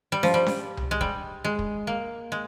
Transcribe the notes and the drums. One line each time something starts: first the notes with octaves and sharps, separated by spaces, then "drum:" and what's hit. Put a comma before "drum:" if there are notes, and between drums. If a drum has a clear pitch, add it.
G3
F3, drum: snare C#4
G3
drum: snare C#4
drum: tom C2
G#3
G3, drum: kick
G#3
drum: kick
A#3
G#3